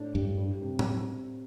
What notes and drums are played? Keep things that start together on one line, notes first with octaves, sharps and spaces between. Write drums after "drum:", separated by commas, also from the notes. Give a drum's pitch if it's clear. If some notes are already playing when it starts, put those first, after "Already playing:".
Already playing: A2 D4
G2 D4
G3
C3
drum: tom A2